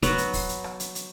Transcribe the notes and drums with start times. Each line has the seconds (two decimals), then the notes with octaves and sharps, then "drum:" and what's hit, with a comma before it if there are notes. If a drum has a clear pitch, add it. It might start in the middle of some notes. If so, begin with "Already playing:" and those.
0.03 F#3 B3 F#4, drum: kick, hi-hat
0.18 drum: hi-hat
0.33 drum: kick, open hi-hat
0.49 drum: hi-hat
0.64 drum: rim click
0.80 drum: hi-hat
0.95 drum: hi-hat